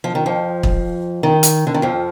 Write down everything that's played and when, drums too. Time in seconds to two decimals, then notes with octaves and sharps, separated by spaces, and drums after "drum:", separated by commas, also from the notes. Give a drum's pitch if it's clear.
0.04 F3
0.15 D#3
0.26 F2 F3
0.63 drum: kick
1.23 D#3
1.43 drum: hi-hat
1.67 D3
1.74 D#3
1.82 F2 F3